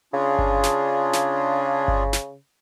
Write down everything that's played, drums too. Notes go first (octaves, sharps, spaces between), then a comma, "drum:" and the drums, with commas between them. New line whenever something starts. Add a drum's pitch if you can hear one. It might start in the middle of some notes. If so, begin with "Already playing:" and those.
C#3 D4 F4 G#4
drum: kick G1
drum: snare
drum: snare
drum: kick G1
drum: snare